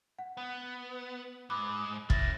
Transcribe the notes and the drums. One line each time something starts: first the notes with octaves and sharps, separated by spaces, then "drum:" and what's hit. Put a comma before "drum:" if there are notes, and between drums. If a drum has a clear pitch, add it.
F#5
B3
G#2 B5 D6 F#6
C#4 E4 A6 A#6, drum: kick